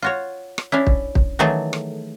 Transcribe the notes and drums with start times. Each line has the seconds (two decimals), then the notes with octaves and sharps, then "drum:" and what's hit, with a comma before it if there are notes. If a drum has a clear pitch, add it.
0.02 F4 F#4 C#5
0.58 drum: rim click
0.72 C#4 D4 E4
0.87 drum: kick
1.15 drum: kick
1.39 D#3 E3 F#3 A3 G#4 A4
1.73 drum: rim click